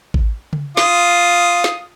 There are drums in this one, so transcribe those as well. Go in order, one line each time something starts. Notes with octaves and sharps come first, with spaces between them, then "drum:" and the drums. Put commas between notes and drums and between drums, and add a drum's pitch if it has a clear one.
drum: kick G#1
drum: tom C#3
F4 D#6, drum: snare
drum: snare